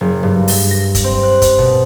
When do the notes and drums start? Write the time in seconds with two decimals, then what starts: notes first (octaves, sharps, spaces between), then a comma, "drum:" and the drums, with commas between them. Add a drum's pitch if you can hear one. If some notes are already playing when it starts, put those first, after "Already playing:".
0.01 F#1
0.23 G2
0.48 drum: open hi-hat
0.71 A#6
0.95 drum: kick, hi-hat
1.04 C4
1.23 F#6
1.42 drum: kick, hi-hat
1.58 B2